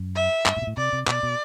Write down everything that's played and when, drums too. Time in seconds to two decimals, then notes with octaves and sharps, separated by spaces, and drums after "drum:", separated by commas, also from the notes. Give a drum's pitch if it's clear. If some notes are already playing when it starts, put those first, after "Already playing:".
Already playing: F#2
0.16 E5
0.46 G2, drum: clap
0.57 A2
0.62 B2
0.67 A2
0.77 C3 D5
0.93 C3
1.07 B2 D5, drum: clap
1.23 B2